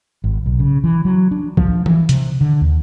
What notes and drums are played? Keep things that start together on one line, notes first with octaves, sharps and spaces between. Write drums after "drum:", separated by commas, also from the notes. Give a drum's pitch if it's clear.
G#1
B1
C#3
E3
F#3
D4
F3, drum: kick
E3, drum: tom F3
C3, drum: hi-hat
D3
D#2